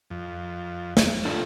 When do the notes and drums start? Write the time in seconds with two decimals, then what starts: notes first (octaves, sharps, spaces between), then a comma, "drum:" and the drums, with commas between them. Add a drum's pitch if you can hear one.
0.10 F2
0.97 drum: snare
1.25 D4 F4 A4